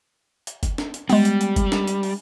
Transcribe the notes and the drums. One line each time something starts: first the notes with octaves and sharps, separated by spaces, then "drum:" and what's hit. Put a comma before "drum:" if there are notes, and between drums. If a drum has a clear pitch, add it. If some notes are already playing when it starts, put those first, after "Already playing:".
drum: hi-hat
drum: kick, hi-hat
drum: snare
drum: hi-hat
G3 G#3 B3, drum: open hi-hat
drum: hi-hat
drum: hi-hat
drum: kick, hi-hat
drum: snare
drum: hi-hat
drum: open hi-hat